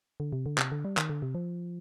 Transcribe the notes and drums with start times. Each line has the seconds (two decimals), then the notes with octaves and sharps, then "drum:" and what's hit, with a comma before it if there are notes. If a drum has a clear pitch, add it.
0.20 D3
0.33 C3
0.46 D3
0.58 C3, drum: clap
0.72 D3
0.85 G3
0.97 D#3, drum: clap
1.09 D3
1.22 C3
1.35 F3